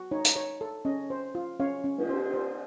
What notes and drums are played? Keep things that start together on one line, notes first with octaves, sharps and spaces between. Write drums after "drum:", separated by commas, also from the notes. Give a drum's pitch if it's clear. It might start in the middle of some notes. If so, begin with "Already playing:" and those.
Already playing: F#4
D#4 C#5
drum: hi-hat
C#5
A4
C#4 D#5
C5
F4
C#4 C#5 F5
C#4
drum: cymbal
C5
C5